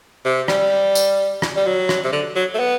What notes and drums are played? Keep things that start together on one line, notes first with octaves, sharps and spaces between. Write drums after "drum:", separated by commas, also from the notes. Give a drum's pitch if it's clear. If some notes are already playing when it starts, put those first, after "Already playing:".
C3
G3, drum: rim click
drum: tambourine
drum: rim click
G3
F#3
drum: rim click
C3
D3
F#3
A3
B3